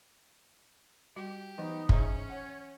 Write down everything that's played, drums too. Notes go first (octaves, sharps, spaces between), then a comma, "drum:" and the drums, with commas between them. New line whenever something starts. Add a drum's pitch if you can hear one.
G3 F#4 G4
E3 F#3 B3 D#4 D#5
C#4 G#4 C5 D#5 E5 A#5, drum: kick
C#5 F#5